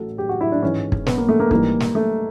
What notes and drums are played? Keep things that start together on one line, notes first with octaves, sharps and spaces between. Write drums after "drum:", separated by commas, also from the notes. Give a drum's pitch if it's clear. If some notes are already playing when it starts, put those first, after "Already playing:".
Already playing: A1 A2 F#3 A4
G4
F#4
E4
D4
G#1 G#2 E3 G#3 C#4
drum: kick
B3, drum: snare
A#3
A3
A#3
G#1 G#2 E3 G3 A#3, drum: kick
drum: snare
A3